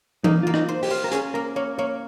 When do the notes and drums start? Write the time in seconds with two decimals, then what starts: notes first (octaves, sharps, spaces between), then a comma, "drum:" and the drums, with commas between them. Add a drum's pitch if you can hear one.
0.24 A#3 D#4, drum: tom E3
0.43 A#3 F4
0.54 D#4, drum: rim click
0.69 C5
0.83 G4, drum: open hi-hat
0.90 F4
1.04 A#4
1.12 C#4 G#4, drum: hi-hat
1.34 A#3 A#4
1.56 A#3 C#5
1.78 A#3 C#5